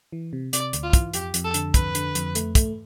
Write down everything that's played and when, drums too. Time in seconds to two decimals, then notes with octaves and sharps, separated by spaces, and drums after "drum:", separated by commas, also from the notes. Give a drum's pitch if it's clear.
0.12 E3
0.33 C3
0.53 C3 D5, drum: hi-hat
0.73 D2, drum: hi-hat
0.83 F4
0.93 E3, drum: kick, hi-hat
1.14 F2 G4, drum: hi-hat
1.34 F2, drum: hi-hat
1.44 A4
1.54 D3, drum: hi-hat
1.74 F2 B4, drum: kick, hi-hat
1.95 D3, drum: hi-hat
2.15 F2, drum: hi-hat
2.35 A3, drum: hi-hat
2.55 A3, drum: kick, hi-hat